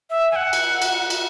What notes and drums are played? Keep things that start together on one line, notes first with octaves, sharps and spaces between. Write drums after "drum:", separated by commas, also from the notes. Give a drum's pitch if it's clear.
E5
G#5
F#5
drum: cymbal
drum: cymbal
drum: cymbal